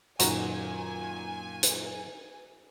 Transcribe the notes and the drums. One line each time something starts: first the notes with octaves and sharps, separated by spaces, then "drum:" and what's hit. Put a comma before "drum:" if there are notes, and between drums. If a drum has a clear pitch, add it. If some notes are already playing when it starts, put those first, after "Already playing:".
F#2 A#2 D#3 F#4 G#5 A#5, drum: hi-hat
drum: hi-hat